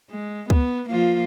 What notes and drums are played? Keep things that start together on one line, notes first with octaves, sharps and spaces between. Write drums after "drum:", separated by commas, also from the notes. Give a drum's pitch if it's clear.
G#3
B3, drum: kick C#2
F3 A#3 F4